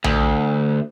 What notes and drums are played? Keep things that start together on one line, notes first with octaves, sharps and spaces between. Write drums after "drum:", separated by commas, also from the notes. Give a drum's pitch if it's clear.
D2, drum: tom A#1